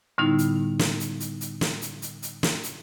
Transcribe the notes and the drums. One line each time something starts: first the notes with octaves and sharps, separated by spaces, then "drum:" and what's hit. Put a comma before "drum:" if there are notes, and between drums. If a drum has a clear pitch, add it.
A2 D3 G3 B3 D#4 E4
drum: hi-hat
drum: snare
drum: hi-hat
drum: hi-hat
drum: hi-hat
drum: snare
drum: hi-hat
drum: hi-hat
drum: hi-hat
drum: snare
drum: hi-hat